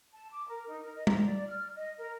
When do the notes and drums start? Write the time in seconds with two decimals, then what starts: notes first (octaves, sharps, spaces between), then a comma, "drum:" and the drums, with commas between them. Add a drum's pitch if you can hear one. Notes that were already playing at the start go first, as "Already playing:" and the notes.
0.13 A5
0.30 D6
0.48 A#4
0.68 D#4
0.83 A#4
0.95 D#5
1.07 A#5, drum: tom G3
1.24 D5
1.48 F6
1.76 D#5
1.98 A#4